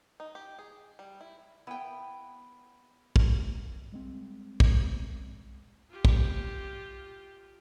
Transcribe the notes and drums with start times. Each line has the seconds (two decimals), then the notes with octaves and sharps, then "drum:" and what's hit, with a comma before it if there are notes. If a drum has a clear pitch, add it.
0.20 D#4
0.35 G4
0.59 G#4
0.99 G3
1.21 E4
1.67 B3 E4 G5
3.16 drum: kick
3.92 G3 G#3 C4
4.60 drum: kick
5.90 F4 G4
6.05 drum: kick